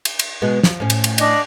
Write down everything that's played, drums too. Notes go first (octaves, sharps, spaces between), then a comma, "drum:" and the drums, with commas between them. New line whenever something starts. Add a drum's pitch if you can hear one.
drum: cymbal
drum: cymbal
B2 G#3 B3
F3, drum: snare
A2 C#4
drum: cymbal
drum: cymbal
D4 D#5, drum: cymbal